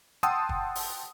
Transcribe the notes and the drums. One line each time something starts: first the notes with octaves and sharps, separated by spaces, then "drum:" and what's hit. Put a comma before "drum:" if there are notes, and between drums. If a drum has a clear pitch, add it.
F#5 G5 A5 C6 D#6 E6, drum: hi-hat
drum: kick
drum: open hi-hat